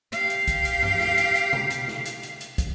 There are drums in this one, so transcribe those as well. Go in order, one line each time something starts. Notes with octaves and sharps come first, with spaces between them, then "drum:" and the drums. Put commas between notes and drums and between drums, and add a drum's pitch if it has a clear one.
G4 F5, drum: hi-hat
drum: hi-hat
drum: kick, hi-hat
drum: hi-hat
drum: tom F#2
drum: snare
drum: hi-hat
drum: hi-hat
drum: tom B2
drum: hi-hat
drum: snare
drum: hi-hat
drum: hi-hat
drum: hi-hat
drum: kick, hi-hat